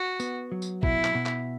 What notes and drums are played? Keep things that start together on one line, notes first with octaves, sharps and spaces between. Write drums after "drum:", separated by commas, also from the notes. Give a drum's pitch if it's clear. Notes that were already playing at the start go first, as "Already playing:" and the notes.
Already playing: F#4
B3, drum: tambourine
F#3
drum: tambourine
B2 E4, drum: kick
drum: clap
B2
drum: clap